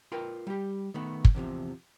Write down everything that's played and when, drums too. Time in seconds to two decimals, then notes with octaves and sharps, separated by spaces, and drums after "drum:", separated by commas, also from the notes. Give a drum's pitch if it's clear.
0.12 F4 A#4 B4 G5
0.47 G3 G4
0.94 D#3 A3 B3
1.25 drum: kick
1.35 E2 C3 E3 F3